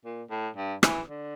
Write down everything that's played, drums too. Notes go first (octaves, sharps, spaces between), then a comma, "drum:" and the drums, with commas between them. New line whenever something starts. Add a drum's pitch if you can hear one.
A#2
A2
G2
E3, drum: rim click
D3